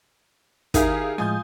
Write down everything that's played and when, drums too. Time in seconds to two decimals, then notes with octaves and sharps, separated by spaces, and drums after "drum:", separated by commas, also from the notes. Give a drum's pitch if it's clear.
0.74 D#3 D#4 E4 G4 G#4 A#4 F5, drum: kick, hi-hat
1.18 A2 F3 G#3 F4 G#5 D#6 G6